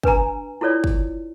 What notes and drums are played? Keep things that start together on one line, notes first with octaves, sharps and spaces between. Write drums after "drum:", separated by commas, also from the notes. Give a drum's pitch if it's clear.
D4 B4 G#5 A#5, drum: kick
E4 F4 A4 C#5 D5
drum: kick